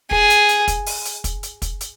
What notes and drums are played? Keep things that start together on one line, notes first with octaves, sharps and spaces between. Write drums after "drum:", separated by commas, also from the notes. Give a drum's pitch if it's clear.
G#4, drum: kick
drum: hi-hat
drum: hi-hat
drum: kick, hi-hat
drum: open hi-hat
drum: hi-hat
drum: kick, hi-hat
drum: hi-hat
drum: kick, hi-hat
drum: hi-hat